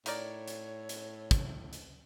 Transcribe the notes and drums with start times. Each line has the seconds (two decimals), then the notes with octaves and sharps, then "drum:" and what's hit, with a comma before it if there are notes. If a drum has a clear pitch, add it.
0.06 A2 D#4 A#4 C#5 D5, drum: hi-hat
0.48 drum: hi-hat
0.89 drum: hi-hat
1.31 drum: kick, hi-hat
1.73 drum: hi-hat